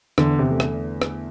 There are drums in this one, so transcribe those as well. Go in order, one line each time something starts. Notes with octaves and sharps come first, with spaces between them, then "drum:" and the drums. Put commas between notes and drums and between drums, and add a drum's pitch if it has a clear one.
E2 D3, drum: rim click
C3
D3 A3
drum: rim click
drum: rim click